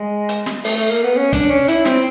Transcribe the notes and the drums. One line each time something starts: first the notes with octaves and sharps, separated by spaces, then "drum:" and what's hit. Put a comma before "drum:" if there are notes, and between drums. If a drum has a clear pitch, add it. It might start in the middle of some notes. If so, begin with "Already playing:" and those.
Already playing: G#3
drum: hi-hat
drum: snare
A3, drum: open hi-hat
A3
A#3
B3
C#4
D4, drum: kick, hi-hat
C#4
E4, drum: hi-hat
C4, drum: snare